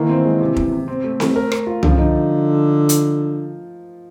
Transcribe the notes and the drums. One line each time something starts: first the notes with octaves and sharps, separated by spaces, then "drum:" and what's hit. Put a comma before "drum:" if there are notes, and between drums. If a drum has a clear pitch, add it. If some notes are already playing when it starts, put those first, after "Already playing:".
Already playing: D#3 E3 A#3
C4
G#3
C3
C3, drum: kick F1
C3
C4
A3
A3, drum: snare C4
A#4
A#4, drum: rim click
F4
D3 F3, drum: tom C2
C#3
D3 D#4
drum: hi-hat